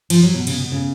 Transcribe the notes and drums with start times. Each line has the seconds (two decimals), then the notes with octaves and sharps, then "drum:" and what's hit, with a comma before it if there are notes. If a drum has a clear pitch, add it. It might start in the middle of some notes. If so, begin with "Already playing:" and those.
0.10 F3, drum: cymbal
0.23 F#3
0.35 B2
0.47 C#3, drum: cymbal
0.59 B2
0.72 C#3